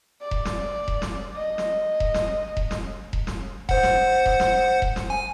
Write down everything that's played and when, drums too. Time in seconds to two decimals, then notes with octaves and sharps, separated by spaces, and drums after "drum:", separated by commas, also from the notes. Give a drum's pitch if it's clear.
0.21 D5
0.31 drum: kick E1
0.45 drum: snare
0.88 drum: kick E1
1.02 drum: snare
1.36 D#5
1.58 drum: snare
2.00 drum: kick E1
2.14 drum: snare
2.57 drum: kick E1
2.71 drum: snare
3.13 drum: kick E1
3.27 drum: snare
3.69 C5 F#5, drum: kick E1
3.83 drum: snare
4.26 drum: kick E1
4.40 drum: snare
4.82 drum: kick E1
4.96 drum: snare
5.10 G#5